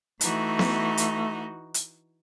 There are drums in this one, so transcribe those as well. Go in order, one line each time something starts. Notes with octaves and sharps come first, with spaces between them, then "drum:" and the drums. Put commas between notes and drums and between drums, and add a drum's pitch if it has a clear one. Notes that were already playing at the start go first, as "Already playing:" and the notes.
E3 A3 D#4 F#4, drum: hi-hat
drum: snare B3
drum: hi-hat
drum: hi-hat